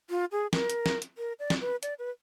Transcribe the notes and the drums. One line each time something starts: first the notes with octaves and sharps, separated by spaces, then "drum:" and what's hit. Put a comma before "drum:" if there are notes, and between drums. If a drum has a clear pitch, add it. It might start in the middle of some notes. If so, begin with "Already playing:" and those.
F4
G#4
A#4, drum: snare
drum: hi-hat
drum: snare
drum: hi-hat
A#4
D5
drum: snare
B4
D5, drum: hi-hat
B4